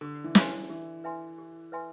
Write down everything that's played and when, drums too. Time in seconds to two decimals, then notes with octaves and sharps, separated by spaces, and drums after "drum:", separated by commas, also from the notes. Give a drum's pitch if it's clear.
0.01 D3 G4
0.24 E3
0.35 B4 E5 G#5 C6, drum: snare
0.47 E3
0.69 E3 G4
1.04 B4 E5 G#5 C6
1.38 G4
1.72 B4 E5 G#5 C6